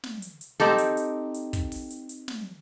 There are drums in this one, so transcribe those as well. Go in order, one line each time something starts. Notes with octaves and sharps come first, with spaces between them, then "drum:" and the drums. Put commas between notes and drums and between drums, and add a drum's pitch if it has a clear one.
drum: snare
drum: hi-hat
drum: hi-hat
C4 D#4 G4 A4, drum: snare
drum: hi-hat
drum: hi-hat
drum: hi-hat
drum: kick, hi-hat
drum: open hi-hat
drum: hi-hat
drum: hi-hat
drum: snare